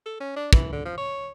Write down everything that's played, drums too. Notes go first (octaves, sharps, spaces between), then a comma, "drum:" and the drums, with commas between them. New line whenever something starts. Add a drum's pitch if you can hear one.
A4
C#4
D4
E3, drum: kick
D3
F3
C#5